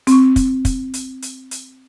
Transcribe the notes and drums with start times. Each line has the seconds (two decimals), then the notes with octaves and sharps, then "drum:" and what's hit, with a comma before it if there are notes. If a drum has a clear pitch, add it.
0.07 C4 C#6, drum: hi-hat
0.36 drum: kick, hi-hat
0.65 drum: kick, hi-hat
0.94 drum: hi-hat
1.22 drum: hi-hat
1.51 drum: hi-hat